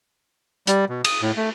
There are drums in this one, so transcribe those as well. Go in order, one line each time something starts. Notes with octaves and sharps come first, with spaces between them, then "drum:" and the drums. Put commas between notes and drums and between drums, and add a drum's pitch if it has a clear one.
G3, drum: hi-hat
B2
D#6, drum: cymbal
A2
A3